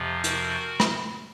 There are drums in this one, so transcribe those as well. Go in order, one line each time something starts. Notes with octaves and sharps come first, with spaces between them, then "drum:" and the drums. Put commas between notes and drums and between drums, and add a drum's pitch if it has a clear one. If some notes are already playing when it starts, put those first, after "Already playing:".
Already playing: F2 C3 F3
F#4 A#4, drum: hi-hat
drum: rim click